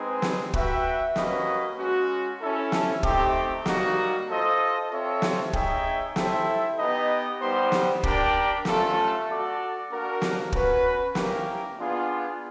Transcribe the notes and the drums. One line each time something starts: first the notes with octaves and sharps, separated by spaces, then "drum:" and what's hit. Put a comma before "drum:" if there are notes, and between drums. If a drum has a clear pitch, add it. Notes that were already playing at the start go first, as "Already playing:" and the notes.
Already playing: G#3 C4 D#4 G#4 B4
drum: snare
F#4 B4 E5 G5, drum: kick
A#3 C#4 F#4 B4 D#5, drum: snare
G#3 C#4 F#4
C#4 E4 A4
drum: snare
A3 C4 D#4 G4, drum: kick
G3 A#3 D#4 F#4, drum: snare
F4 A4 C5 D#5
C4 F4 A4 C#5 E5
drum: snare
D#4 G#4 C#5 E5 G5, drum: kick
E4 A4 C5 E5 G5, drum: snare
B3 D#4 G4 B4 D#5
G3 B3 D#4 G4 C5
drum: snare
D4 G4 A#4 D5 G5, drum: kick
A3 C#4 F4 A4, drum: snare
F#4 A4 D5
A#3 D4 F#4 A#4
drum: snare
C#4 F#4 B4, drum: kick
A#3 C#4 E4 G4 A#4, drum: snare
B3 D4 F4 G#4